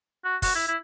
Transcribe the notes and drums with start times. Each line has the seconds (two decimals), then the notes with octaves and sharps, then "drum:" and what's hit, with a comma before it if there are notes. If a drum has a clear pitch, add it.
0.25 F#4
0.42 F#4, drum: kick, open hi-hat
0.55 E4
0.68 E4